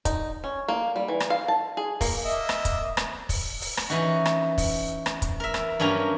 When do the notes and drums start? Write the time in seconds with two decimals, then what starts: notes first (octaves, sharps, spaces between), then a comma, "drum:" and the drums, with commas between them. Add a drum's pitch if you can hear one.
0.05 D#4, drum: kick, hi-hat
0.44 C#4
0.68 A#3
0.96 G3
1.08 E3
1.20 drum: rim click
1.30 F5
1.48 A5
1.77 G#4
2.01 A#3, drum: kick, open hi-hat
2.25 A#3 D#5 E5
2.49 drum: rim click
2.65 drum: kick, hi-hat
2.97 drum: rim click
3.29 drum: kick, open hi-hat
3.61 drum: open hi-hat
3.77 drum: rim click
3.90 E3 C#4 D#4 F#4
4.25 drum: rim click
4.58 drum: kick, open hi-hat
5.06 drum: rim click
5.22 drum: kick, hi-hat
5.40 A#4 E5
5.54 drum: rim click
5.80 G2 F#3 A#3 C#4 A#5